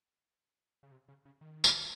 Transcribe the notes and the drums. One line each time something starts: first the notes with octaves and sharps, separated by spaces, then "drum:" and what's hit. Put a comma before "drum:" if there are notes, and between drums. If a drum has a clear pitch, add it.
C#3
C3
C#3
C#3
D#3
drum: tambourine